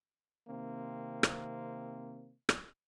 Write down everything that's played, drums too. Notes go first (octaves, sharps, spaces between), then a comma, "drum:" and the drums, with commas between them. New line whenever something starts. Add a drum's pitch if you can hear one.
C3 D#3 A#3 C4
drum: rim click
drum: rim click